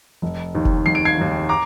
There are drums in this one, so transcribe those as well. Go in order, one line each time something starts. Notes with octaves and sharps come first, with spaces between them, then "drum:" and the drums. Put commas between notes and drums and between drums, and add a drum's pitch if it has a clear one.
F1
D#2 D#3
drum: kick F1
F1 C7
D7
G#6 C7
D#2 D#3
A#5 D6